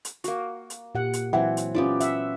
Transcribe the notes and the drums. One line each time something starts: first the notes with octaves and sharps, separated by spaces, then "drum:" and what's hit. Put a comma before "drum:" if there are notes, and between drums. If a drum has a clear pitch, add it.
drum: hi-hat
A#3 F#4, drum: hi-hat
drum: hi-hat
A#2 G4 F#5
drum: hi-hat
E3 F#3 C4 F#5
drum: hi-hat
B3 C#4 F4 G4 D5
E5 F#5, drum: hi-hat